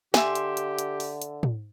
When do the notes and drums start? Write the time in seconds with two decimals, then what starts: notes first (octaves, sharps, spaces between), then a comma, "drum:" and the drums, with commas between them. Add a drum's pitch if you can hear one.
0.14 D3 G4 E5 G#5 C6, drum: snare
0.35 drum: hi-hat
0.57 drum: hi-hat
0.79 drum: hi-hat
1.00 drum: open hi-hat
1.22 drum: hi-hat
1.43 drum: tom